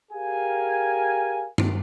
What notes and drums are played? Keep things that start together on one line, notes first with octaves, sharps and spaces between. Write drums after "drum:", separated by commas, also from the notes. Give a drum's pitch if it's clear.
G4 G#4 A#4 F5 G#5
drum: tom G2